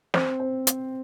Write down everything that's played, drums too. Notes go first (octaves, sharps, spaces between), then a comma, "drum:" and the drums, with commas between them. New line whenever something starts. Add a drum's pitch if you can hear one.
C4, drum: snare
C4
drum: hi-hat